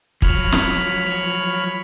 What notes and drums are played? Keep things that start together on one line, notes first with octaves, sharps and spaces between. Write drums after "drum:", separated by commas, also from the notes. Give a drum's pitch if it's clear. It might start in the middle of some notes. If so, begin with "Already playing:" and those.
F3 F#3 C#5 B5 F6, drum: kick
drum: snare